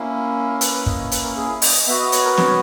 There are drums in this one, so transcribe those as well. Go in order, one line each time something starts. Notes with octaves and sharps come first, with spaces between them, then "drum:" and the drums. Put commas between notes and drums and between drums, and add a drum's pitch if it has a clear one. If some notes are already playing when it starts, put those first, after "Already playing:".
Already playing: A#3 C#4 E4
A#4
B4, drum: hi-hat
B4
D#5, drum: kick
C#5
B4, drum: hi-hat
A#4
G#4
D#5, drum: open hi-hat
B3 F#4 E5
D#5
C#5, drum: hi-hat
A#4
C#5, drum: snare